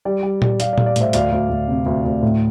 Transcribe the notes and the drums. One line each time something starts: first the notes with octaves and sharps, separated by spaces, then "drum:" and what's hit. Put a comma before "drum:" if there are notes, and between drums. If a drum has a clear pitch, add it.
G3 D5
G3
G3, drum: tom A#2
G3 D5 F5, drum: hi-hat
D5
G3, drum: tom A#2
D5
A2 C5 E5, drum: hi-hat
D2 D5 F5, drum: hi-hat
D2
D2
C3
D2
D2
A2